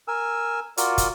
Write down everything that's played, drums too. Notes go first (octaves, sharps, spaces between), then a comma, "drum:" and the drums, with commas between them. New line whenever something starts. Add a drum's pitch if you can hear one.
A#4 G#5 E6
F4 F#4 A#4 D5, drum: hi-hat
drum: kick, hi-hat